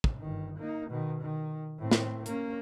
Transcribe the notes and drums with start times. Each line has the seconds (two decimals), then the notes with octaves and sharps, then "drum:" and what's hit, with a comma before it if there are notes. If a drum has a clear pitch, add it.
0.04 drum: kick
0.19 G1 D#3
0.59 A#3 D#4
0.90 B2 D#3
1.22 D#3
1.79 A2 C4
1.91 drum: snare
2.26 A#3 C#4, drum: hi-hat